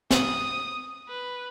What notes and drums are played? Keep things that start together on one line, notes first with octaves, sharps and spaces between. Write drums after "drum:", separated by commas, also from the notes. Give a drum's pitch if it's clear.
D#6, drum: snare
B4